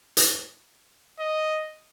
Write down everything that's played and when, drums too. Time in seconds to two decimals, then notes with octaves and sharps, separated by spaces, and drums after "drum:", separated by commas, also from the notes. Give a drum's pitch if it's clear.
0.17 drum: hi-hat
1.19 D#5